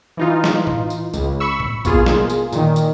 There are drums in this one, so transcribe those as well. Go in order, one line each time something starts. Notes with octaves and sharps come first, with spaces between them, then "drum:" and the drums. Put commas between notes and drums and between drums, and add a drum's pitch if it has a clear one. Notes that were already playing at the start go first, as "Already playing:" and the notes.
E3 D#4 F4
drum: snare
drum: tom A2
drum: tambourine
C#2, drum: tambourine
B5 C#6 E6
drum: tom A2
B2 A#3 F4 G#4, drum: kick, tambourine
drum: snare
drum: tambourine
A#2 D#3, drum: tambourine
drum: tambourine